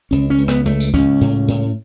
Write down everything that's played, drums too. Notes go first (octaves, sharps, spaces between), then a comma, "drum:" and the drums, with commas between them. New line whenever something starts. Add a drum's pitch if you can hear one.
C#2 C#4
C#4
C#2
B3, drum: rim click
C#2 A3
drum: tambourine
C#2 C#4, drum: kick
A2
A2